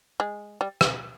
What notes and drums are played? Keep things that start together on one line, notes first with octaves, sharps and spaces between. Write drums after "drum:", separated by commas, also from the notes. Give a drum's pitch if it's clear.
G#3
G3
drum: rim click